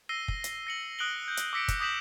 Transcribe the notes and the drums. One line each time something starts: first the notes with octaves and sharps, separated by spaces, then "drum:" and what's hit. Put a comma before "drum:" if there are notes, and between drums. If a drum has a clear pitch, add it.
E6 A#6 C7 D#7 G7
drum: kick
drum: hi-hat
A#6 C#7 F#7
D#6 F#6 D7 F#7 G7
G6
drum: hi-hat
D6 E6 A#6 B6 C#7 D7
drum: kick, hi-hat
D6 D#6 G6 B6 E7 F#7